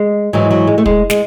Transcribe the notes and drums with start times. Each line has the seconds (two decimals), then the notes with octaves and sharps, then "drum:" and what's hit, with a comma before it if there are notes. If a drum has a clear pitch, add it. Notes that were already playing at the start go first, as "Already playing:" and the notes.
Already playing: G#3
0.33 G#2 E3 F#3
0.51 F#3
0.67 G#3
0.78 A3
0.86 G#3, drum: kick
1.10 G#3, drum: snare